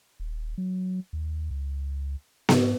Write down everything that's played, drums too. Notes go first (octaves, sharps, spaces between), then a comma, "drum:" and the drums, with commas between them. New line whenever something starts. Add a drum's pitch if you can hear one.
D#1
F#3
D#2
C#2
G#2, drum: snare B3